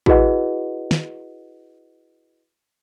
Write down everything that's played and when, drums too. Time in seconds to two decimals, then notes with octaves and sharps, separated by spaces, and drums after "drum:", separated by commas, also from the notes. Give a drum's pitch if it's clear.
0.06 E4 F#4 G#4 B4 D#5 F#5, drum: kick
0.91 drum: snare